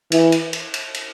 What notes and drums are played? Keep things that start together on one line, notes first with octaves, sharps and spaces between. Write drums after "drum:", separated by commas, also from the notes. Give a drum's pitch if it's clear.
E3, drum: cymbal
drum: cymbal
drum: cymbal
drum: cymbal
drum: cymbal